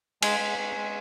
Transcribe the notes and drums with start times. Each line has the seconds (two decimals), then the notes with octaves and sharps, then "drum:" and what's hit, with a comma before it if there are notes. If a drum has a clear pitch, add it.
0.22 G#3 G#5, drum: cymbal
0.40 G#3
0.58 G#3
0.76 G#3